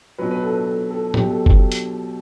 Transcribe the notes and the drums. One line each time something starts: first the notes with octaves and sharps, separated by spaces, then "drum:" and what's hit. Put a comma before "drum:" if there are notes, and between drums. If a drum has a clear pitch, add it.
B2 F#3 B4
B4
A4
B4
A4
A4
B2 F#3 G4, drum: tom A2
A4
G4, drum: kick F#1
drum: hi-hat